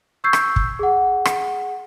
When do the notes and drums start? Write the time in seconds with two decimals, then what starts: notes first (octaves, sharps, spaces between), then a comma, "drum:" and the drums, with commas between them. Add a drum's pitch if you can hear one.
0.24 C#6 E6 G6 G#6 C7
0.33 drum: rim click
0.56 drum: kick
0.79 G#4 F#5
1.25 drum: rim click